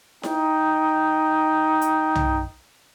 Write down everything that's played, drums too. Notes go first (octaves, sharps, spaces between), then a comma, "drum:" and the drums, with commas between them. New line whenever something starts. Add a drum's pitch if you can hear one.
D#4 G5, drum: snare E4
drum: hi-hat
drum: tom